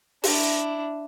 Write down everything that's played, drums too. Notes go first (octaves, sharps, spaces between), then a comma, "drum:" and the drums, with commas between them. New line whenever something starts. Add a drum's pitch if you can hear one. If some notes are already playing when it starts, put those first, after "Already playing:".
D4 E4, drum: open hi-hat